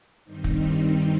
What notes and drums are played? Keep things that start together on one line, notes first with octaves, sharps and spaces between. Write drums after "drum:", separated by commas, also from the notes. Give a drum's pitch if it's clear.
G2 D#3 G3 C4 D#4
drum: kick